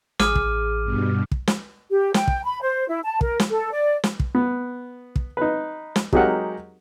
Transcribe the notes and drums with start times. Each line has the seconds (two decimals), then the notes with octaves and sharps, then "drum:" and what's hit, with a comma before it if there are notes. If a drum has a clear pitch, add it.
0.19 A1 G#4 D6 F6 D#7, drum: snare
0.35 drum: kick
0.83 G2 B2
1.31 drum: kick
1.47 drum: snare
1.90 G4
2.14 G5, drum: snare
2.28 drum: kick
2.44 B5
2.61 C5
2.88 E4
3.04 A5
3.21 A#4, drum: kick
3.40 drum: snare
3.50 A4
3.73 D5
4.04 drum: snare
4.20 drum: kick
4.35 B3
5.16 drum: kick
5.37 D#4 B4
5.96 drum: snare
6.13 F#3 G#3 D#4 G4 A#4 F#5, drum: kick